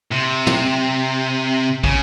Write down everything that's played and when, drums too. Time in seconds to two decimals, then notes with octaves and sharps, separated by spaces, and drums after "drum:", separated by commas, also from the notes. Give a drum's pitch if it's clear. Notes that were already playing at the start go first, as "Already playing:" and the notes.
0.11 C3
0.47 drum: tom
1.84 C#3, drum: kick